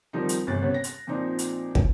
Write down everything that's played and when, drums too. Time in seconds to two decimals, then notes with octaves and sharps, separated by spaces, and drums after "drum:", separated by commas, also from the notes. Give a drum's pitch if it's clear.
0.13 D#3 F3 G3 C4 D#4
0.29 drum: hi-hat
0.47 G1 E2 C3 F#6 A6
0.62 C3 B3 C#4 C#5
0.74 A#6
0.84 drum: hi-hat
1.07 A#2 F3 C4 D4 D#4
1.39 drum: hi-hat
1.75 drum: kick